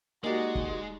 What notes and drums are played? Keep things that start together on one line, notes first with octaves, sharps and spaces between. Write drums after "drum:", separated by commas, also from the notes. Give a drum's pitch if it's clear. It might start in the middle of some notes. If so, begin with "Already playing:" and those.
G#3 A#3 D#4 F#4 G4 D5
drum: kick